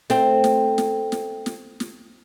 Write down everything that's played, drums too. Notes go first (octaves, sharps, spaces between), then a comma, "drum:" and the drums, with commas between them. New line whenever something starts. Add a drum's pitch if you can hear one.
A3 C4, drum: snare
drum: snare
drum: snare
drum: snare
drum: snare
drum: snare